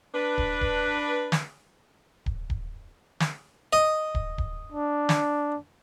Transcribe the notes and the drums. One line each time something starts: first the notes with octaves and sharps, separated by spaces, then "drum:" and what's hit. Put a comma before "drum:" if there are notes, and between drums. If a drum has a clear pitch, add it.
D4 B4
drum: kick D1
drum: kick D1
drum: snare
drum: kick D1
drum: kick D1
drum: snare
D#5
drum: kick D1
drum: kick D1
D4
drum: snare